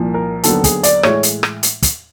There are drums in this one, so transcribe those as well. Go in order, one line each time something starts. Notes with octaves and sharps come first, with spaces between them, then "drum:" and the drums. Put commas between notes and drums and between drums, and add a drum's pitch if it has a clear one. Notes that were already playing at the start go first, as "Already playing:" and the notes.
Already playing: C2 A#2 F3
A#4
D#2 D3 F#3 B3 A4, drum: hi-hat
G#4, drum: kick, hi-hat
D5, drum: hi-hat
A2 E3 G#3 C#5, drum: rim click
drum: hi-hat
drum: rim click
drum: hi-hat
drum: kick, hi-hat